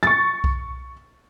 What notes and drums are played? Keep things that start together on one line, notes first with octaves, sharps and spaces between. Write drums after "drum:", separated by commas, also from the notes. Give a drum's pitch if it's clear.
C#6 A6, drum: tom
drum: kick B1